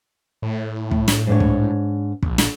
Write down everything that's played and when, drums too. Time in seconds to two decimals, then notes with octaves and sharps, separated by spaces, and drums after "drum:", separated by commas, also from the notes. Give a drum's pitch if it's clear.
0.42 A2
0.91 drum: kick
1.08 drum: snare
1.27 G#2 D4 C#5
1.40 drum: kick
2.23 A#1, drum: kick
2.38 drum: snare